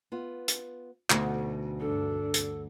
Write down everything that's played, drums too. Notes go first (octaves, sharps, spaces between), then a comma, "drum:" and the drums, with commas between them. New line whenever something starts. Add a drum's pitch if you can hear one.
B3 F4
drum: hi-hat
D2 B2 D#4 F#4, drum: clap
G2 D4 A4
drum: hi-hat